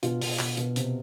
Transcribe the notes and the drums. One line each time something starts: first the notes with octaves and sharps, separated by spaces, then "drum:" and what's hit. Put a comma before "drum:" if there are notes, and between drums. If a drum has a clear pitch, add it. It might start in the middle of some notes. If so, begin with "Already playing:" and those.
B2 F4, drum: hi-hat
B2, drum: open hi-hat
B2, drum: clap
B2, drum: hi-hat
C3, drum: hi-hat